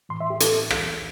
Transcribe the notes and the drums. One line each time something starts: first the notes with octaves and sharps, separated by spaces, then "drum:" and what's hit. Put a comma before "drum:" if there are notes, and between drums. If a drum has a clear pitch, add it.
A2 E3 C6
E5
G4
A4, drum: hi-hat
E2 E3, drum: rim click